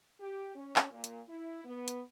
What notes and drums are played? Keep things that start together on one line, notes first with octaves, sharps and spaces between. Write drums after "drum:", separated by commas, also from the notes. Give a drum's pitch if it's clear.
G4
C#4
drum: clap
A#2
drum: hi-hat
E4
B3
drum: hi-hat